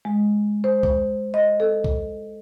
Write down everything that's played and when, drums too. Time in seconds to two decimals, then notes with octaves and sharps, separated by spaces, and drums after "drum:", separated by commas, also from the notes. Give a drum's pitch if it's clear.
0.05 G#3
0.64 C5
0.83 drum: kick
1.34 D#5
1.60 A4
1.84 drum: kick